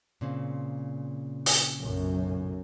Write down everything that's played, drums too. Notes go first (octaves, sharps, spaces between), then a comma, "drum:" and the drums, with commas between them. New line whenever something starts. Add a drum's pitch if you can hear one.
A#2 C#3 C4
drum: open hi-hat
B1 F#2